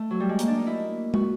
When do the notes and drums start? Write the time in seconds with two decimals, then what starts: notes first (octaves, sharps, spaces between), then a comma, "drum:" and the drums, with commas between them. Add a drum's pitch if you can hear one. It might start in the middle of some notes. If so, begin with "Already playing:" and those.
Already playing: A3
0.11 F#3
0.20 G3
0.29 G#3
0.39 A#3, drum: hi-hat
0.48 D4
0.57 D#4
0.66 E4
1.14 F#4, drum: tom